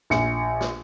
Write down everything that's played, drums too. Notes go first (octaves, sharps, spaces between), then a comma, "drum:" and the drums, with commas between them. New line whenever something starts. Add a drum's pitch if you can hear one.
A#1 C#7, drum: snare
drum: snare